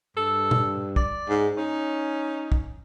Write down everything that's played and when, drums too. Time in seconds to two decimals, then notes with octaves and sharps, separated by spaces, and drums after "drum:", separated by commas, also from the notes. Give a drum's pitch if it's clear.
0.17 G2 A4
0.51 drum: tom A#2
0.96 D5, drum: kick
1.29 G#2
1.57 C#4 D#4
2.52 drum: kick